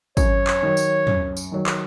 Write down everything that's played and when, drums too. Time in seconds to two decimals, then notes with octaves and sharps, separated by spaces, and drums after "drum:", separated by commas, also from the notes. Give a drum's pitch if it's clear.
0.17 F#2 C#5, drum: kick, tambourine
0.47 drum: clap
0.63 D#3 F#3
0.77 drum: tambourine
1.07 F#2, drum: tom
1.37 drum: tambourine
1.52 D#3 F#3
1.66 drum: clap